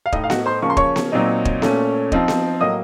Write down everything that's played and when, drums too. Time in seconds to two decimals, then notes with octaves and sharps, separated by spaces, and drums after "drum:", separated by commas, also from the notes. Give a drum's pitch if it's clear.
0.06 F5
0.13 A2 A3 D#4 D#5, drum: kick
0.24 F5
0.30 F#4 F#5, drum: snare B3
0.46 C5 C6
0.62 C#3 F3 A#3 C#6
0.70 C6
0.77 C#5 C#6, drum: kick
0.96 drum: snare B3
1.12 A#2 F#3 C4 D#4
1.45 drum: kick
1.62 A#2 A3 C#4, drum: snare B3
2.12 F3 C4 D#4, drum: kick
2.28 drum: snare B3
2.61 A2 F#3 A#3 D#5 D#6